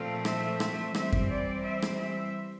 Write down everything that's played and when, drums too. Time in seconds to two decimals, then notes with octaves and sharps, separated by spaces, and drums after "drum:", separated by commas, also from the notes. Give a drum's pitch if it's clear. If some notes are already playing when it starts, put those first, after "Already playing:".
Already playing: A#2 F3 A3 C4 F5
0.25 E5, drum: rim click
0.60 drum: rim click
0.95 E3 G3 C4 E5, drum: rim click
1.12 drum: kick F#2
1.30 D5
1.65 E5
1.82 drum: rim click
2.00 E5